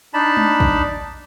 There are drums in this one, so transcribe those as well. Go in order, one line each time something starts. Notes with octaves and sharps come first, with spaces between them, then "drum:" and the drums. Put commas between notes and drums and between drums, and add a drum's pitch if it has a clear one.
D4 D#4 A5 B5
drum: tom G#3
drum: kick